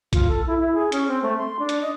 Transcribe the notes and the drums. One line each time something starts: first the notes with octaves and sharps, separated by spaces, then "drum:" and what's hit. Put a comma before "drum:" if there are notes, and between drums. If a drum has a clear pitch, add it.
F4, drum: kick B1, hi-hat
A4
E4
E4
G#4
C#4, drum: hi-hat
C4
A3
C6
D4
drum: hi-hat
D#5